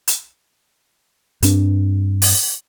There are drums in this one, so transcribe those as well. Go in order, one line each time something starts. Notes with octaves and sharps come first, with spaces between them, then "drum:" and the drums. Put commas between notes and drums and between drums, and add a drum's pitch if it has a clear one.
drum: hi-hat
G2 C4 D4, drum: hi-hat
drum: open hi-hat